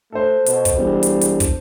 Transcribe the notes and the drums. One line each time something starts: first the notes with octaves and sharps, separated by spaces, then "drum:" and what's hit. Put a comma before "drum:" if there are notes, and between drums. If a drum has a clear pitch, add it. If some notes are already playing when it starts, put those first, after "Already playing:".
A3 A4 C5
B2, drum: hi-hat
drum: kick, hi-hat
E1 G3
drum: hi-hat
drum: hi-hat
drum: kick, hi-hat